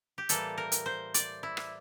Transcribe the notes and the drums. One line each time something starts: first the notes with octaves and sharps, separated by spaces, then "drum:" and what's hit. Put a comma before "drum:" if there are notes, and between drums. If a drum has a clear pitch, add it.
G4
A2 E3 G3 A#3 A4, drum: hi-hat
A#4
drum: hi-hat
C5
D5, drum: hi-hat
E4
drum: rim click